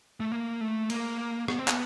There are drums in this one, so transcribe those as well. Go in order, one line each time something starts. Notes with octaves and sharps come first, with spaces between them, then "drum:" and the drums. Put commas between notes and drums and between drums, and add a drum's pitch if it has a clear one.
A3
A#3
A3
A#3, drum: cymbal
B3, drum: rim click
C4
B3, drum: clap